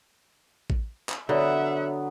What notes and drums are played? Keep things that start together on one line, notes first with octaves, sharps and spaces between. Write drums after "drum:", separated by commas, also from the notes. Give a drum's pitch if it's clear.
drum: kick A1
drum: clap
D3 F#3 B3 E5 F#5